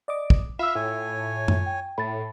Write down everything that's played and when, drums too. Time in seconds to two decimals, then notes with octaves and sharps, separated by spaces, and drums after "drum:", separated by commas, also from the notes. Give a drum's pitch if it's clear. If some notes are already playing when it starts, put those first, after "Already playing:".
0.08 D5 D#5 D6
0.30 drum: kick
0.59 F4 E5 F5 B5 E6
0.75 A2 C#5 G#5
1.48 drum: tom F#2
1.66 G5
1.98 A2 B5 A6